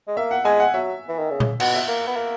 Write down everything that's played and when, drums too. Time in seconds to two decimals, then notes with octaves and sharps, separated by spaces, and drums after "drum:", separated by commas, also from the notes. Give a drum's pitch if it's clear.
0.08 G#3
0.17 A#3 E5
0.31 F#5
0.45 G#3 G#5
0.60 F#5
0.74 F#3 E5
1.09 E3
1.19 D#3
1.31 C#3
1.40 drum: tom A#2
1.60 B2 F#5, drum: cymbal
1.74 E5
1.88 A#3
2.08 B3
2.17 A#3